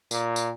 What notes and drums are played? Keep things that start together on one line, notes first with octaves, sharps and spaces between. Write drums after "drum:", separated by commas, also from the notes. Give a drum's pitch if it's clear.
A#2, drum: tambourine
drum: tambourine